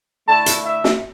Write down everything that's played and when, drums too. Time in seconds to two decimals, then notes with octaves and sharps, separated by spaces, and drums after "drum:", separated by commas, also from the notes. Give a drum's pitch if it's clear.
0.27 D3 A3 E4 A5
0.46 drum: hi-hat
0.65 E5
0.84 drum: snare